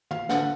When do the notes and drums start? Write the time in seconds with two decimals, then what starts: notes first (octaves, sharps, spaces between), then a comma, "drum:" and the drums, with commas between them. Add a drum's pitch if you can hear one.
0.11 F5, drum: tom
0.29 D3 F#5, drum: snare